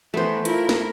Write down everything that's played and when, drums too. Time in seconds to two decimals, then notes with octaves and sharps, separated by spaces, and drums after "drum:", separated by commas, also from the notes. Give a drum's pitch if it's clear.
0.14 E3 A3 B3 C5
0.45 E4 F4 A#4, drum: hi-hat
0.69 drum: snare